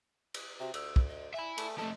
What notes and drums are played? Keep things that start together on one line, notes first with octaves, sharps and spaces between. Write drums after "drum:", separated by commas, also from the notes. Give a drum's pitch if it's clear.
drum: cymbal
C3 F#4
D2 E6, drum: cymbal
drum: kick
D#5
E5 G#5 B5
A3, drum: cymbal
F3 A3 A4 D#5